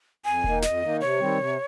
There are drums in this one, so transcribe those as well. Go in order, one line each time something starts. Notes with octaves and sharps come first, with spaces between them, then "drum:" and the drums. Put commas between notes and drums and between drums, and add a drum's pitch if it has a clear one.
F2 G#5
D#3 A#3 D#4, drum: kick E1
F2 D#5, drum: snare
D#3 A#3 D#4
C3 C#5
D#3 G3 C4
C3